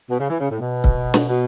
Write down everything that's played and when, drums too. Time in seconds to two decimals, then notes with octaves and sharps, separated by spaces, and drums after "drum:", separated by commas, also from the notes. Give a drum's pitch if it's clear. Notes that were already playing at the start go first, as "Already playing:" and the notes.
0.10 B2
0.19 C#3
0.29 E3
0.39 C#3
0.50 A2
0.59 B2
0.84 drum: kick C#1
1.14 drum: snare
1.28 B2